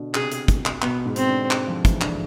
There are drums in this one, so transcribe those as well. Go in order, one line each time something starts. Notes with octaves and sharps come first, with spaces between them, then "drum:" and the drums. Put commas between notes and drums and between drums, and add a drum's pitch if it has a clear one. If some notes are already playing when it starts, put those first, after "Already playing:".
Already playing: B2 D3
C3 G#4, drum: clap
drum: hi-hat
B2, drum: kick, hi-hat
drum: clap
B2 B3, drum: clap
G#2
C4, drum: hi-hat
D3
G#3, drum: clap
F3
E3, drum: kick, hi-hat
D3, drum: clap